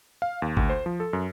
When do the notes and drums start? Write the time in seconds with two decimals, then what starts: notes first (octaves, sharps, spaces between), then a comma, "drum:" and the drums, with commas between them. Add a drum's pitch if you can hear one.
0.22 F5
0.42 D#2
0.57 D2, drum: kick
0.70 C5
0.86 F3
1.00 A4
1.13 F#2